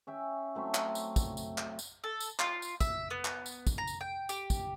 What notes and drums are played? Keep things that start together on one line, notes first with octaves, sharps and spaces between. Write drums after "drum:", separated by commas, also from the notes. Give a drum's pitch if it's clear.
C#4 E5 G5
F#3 A3 C4 E5
drum: clap
drum: tambourine
drum: kick, tambourine
drum: tambourine
drum: clap
drum: tambourine
A4
drum: tambourine
F4, drum: clap
drum: tambourine
E5, drum: kick, tambourine
B3
drum: clap
drum: tambourine
drum: kick, tambourine
A#5
drum: tambourine
G5
G4, drum: tambourine
drum: kick, tambourine